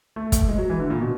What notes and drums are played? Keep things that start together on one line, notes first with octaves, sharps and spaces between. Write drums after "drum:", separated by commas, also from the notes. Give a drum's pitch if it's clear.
A3
drum: kick, hi-hat
G#3
F#3
E3
D3
A#2
B2